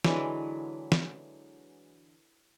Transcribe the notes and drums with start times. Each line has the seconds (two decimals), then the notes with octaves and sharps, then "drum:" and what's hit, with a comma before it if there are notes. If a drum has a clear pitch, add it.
0.04 D3 E3 F#3 G#3, drum: snare
0.92 drum: snare